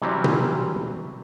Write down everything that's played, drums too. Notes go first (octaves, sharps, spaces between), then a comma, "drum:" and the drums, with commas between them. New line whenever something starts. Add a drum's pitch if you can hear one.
C3 E3 F#3 G3 C4 C#4
drum: tom B2